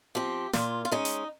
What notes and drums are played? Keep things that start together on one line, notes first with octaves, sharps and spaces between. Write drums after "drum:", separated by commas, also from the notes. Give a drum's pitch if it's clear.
F3 C4 G4
A#2 F4, drum: snare
F4
G#3 C#4 D#4
drum: hi-hat